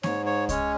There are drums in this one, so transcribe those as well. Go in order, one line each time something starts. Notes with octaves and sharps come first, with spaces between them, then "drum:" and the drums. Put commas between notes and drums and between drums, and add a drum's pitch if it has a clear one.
G#2 C#5, drum: snare A#3
C#5
G#3 C#4 C#5, drum: kick C2, hi-hat